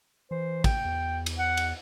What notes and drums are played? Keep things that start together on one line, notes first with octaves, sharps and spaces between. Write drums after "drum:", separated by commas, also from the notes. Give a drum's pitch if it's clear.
E3 C5
G5, drum: kick, cymbal
E2
drum: cymbal
F#5
drum: cymbal